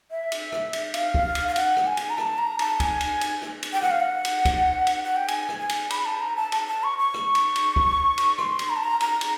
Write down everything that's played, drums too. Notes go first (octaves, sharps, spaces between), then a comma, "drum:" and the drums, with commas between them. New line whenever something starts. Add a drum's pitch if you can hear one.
E5
drum: cymbal
drum: rim click
drum: cymbal
F5, drum: cymbal
drum: kick
drum: cymbal
F5
F#5, drum: cymbal
drum: rim click
G#5
drum: cymbal
A#5
A5, drum: rim click
A#5
A5, drum: cymbal
G#5, drum: kick, cymbal
drum: cymbal
drum: cymbal
drum: rim click
drum: cymbal
G5
F#5, drum: rim click
F5
F#5
drum: cymbal
drum: kick, cymbal
drum: cymbal
F#5
G5
G#5, drum: cymbal
drum: rim click
G#5
drum: cymbal
B5, drum: cymbal
A5
A#5
A5
A5, drum: cymbal
A5
C#6
C#6
drum: rim click
drum: cymbal
drum: cymbal
drum: kick
drum: cymbal
C6, drum: rim click
drum: cymbal
A#5
A5
A#5
A#5, drum: cymbal
drum: cymbal